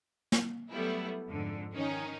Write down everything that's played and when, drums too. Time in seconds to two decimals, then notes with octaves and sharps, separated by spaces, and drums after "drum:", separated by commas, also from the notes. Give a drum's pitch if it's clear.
0.32 drum: snare
0.70 F#3 G3 A3 B3 E4
1.28 F2 G#2 D3
1.73 D#3 C#4 D#4